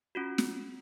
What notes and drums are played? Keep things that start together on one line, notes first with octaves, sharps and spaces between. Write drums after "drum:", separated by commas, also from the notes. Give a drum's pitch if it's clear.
C#4 F4 F#4
drum: snare